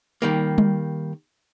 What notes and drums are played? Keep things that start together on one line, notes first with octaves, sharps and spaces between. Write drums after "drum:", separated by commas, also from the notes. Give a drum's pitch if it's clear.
D#3 G3 A#3
drum: tom G3